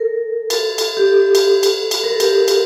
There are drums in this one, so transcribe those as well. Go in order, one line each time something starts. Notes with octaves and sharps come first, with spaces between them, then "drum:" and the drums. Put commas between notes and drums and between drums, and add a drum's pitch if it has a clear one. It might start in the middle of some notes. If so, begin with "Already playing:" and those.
Already playing: A4 A#4
A4, drum: cymbal
drum: cymbal
G4
A4
drum: cymbal
drum: cymbal
drum: cymbal
A#4
A4
G4, drum: cymbal
drum: cymbal